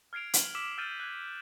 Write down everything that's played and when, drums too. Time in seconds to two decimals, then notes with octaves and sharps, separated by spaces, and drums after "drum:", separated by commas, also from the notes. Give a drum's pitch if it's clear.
0.13 F6 G#6 C7 D7 F7
0.34 F#7 G7, drum: hi-hat
0.55 D6 E6 B6 E7 F#7
0.77 D6 E6 F6 G6 A6 D#7
1.00 F#6 G#6